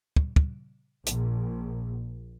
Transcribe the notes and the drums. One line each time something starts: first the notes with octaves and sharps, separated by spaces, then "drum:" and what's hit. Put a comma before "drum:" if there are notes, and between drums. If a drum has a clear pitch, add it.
drum: kick
drum: kick
A#1, drum: hi-hat